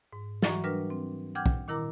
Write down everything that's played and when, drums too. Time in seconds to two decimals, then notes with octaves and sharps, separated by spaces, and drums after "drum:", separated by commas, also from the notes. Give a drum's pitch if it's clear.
0.13 G#2
0.42 E3 F#3 F#4 A#5 C#6, drum: snare
0.64 G3 D4 A#4 B4 F6
0.90 C4
1.35 F#5 G5 D6 F6 G6 G#6
1.46 drum: kick
1.68 A#2 D#3 E4 A#4 A#5 D6